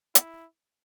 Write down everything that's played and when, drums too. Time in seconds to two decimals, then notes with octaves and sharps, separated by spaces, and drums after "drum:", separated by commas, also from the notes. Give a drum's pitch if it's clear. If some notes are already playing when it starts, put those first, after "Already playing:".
0.15 E4, drum: hi-hat